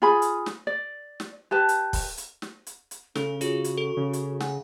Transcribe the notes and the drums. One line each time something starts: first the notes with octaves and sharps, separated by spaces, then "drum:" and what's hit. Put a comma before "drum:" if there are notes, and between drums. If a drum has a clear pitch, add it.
F4 G#4 G#5 B5
drum: hi-hat
drum: snare
D5
drum: snare
G4 B4 A5
drum: hi-hat
drum: kick, open hi-hat
drum: hi-hat
drum: snare
drum: hi-hat
drum: hi-hat
C#3 C#4 A4, drum: snare
F4 F#4 G#4 C#5, drum: hi-hat
drum: hi-hat
A4
C#3
drum: hi-hat
F#5 G#5, drum: snare